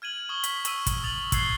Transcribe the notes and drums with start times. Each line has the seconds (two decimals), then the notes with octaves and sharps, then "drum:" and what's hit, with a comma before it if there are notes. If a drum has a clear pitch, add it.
0.02 F6 G#6 D#7 F#7
0.29 C#6 D#6 G7
0.44 B6, drum: hi-hat
0.65 C#6 D#6 E6 D#7, drum: hi-hat
0.87 drum: kick, hi-hat
1.03 D#6 A6 F7 F#7
1.32 E6 F#6 G#6 C7 G7, drum: kick, hi-hat